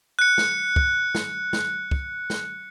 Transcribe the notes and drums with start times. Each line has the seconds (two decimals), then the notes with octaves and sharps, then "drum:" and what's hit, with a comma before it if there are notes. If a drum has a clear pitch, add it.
0.19 F#6 C#7
0.38 drum: snare
0.76 drum: kick
1.15 drum: snare
1.53 drum: snare
1.91 drum: kick
2.30 drum: snare